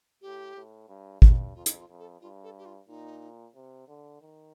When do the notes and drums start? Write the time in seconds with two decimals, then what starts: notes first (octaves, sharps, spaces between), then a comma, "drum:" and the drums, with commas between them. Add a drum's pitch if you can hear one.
0.22 A2 G4
0.55 A2
0.88 G2
1.22 G2, drum: kick
1.55 F2 F4
1.66 drum: hi-hat
1.77 F4
1.88 F2
1.99 A4
2.21 G2 F4
2.43 A4
2.58 G4
2.66 F4
2.88 A#2 D#4
3.55 C3
3.88 D3
4.21 D#3